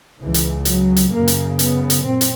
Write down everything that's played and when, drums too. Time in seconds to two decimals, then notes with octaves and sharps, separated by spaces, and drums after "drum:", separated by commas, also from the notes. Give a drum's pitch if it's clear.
0.19 C#2 C#3 E3
0.34 drum: hi-hat
0.65 F#3, drum: hi-hat
0.96 drum: hi-hat
1.12 F#2 C#3 A#3
1.28 drum: hi-hat
1.59 B3, drum: hi-hat
1.90 drum: hi-hat
2.05 A#2 C4
2.21 drum: hi-hat